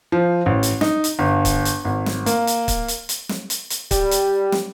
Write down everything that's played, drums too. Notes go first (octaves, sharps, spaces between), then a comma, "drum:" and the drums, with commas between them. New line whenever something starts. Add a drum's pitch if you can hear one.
F3
A1
drum: hi-hat
D#4, drum: snare
drum: hi-hat
G1
drum: kick C#1, hi-hat
drum: hi-hat
G#1
drum: snare
A#3, drum: hi-hat
drum: hi-hat
drum: kick C#1, hi-hat
drum: hi-hat
drum: hi-hat
drum: snare
drum: hi-hat
drum: hi-hat
G3, drum: kick C#1, hi-hat
drum: hi-hat
drum: snare